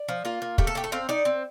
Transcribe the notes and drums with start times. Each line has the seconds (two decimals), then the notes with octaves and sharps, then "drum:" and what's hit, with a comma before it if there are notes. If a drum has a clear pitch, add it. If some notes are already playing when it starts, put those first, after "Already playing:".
Already playing: D5
0.08 F3
0.25 A#3 F4
0.42 A#3
0.58 A3 G4, drum: kick
0.67 A4
0.75 A3 G4
0.84 A4
0.92 C4 F5
1.09 D#4 D5
1.25 C4